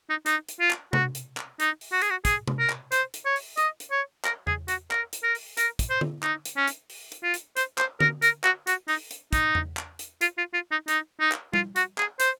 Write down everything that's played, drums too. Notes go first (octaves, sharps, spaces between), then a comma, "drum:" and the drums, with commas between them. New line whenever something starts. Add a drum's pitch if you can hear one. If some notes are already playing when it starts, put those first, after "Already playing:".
D#4
D#4, drum: hi-hat
drum: hi-hat
F4
drum: clap
F#4, drum: tom C3
drum: hi-hat
drum: clap
D#4, drum: hi-hat
drum: open hi-hat
F#4
G#4, drum: hi-hat
F#4
G#4, drum: kick, hi-hat
drum: tom C3
A#4
drum: clap
C5, drum: hi-hat
drum: hi-hat
C#5
drum: open hi-hat
D#5, drum: hi-hat
drum: hi-hat
C#5
A#4, drum: clap
G#4, drum: tom E2
F#4, drum: hi-hat
A#4, drum: clap
drum: hi-hat
A#4
drum: open hi-hat
A#4, drum: hi-hat
drum: kick, hi-hat
C5
drum: tom D3
D#4, drum: clap
drum: hi-hat
C#4
drum: hi-hat
drum: open hi-hat
drum: hi-hat
F4
drum: hi-hat
C5, drum: hi-hat
C5, drum: clap
A#4, drum: tom D3
A#4, drum: hi-hat
F#4, drum: clap
F#4, drum: hi-hat
D#4, drum: open hi-hat
drum: hi-hat
D#4, drum: kick, hi-hat
drum: tom E2
drum: clap
drum: hi-hat
F4, drum: hi-hat
F4
F4
D#4
D#4, drum: hi-hat
D#4
drum: clap
F4, drum: tom G3
F#4, drum: hi-hat
G#4, drum: clap
C5, drum: hi-hat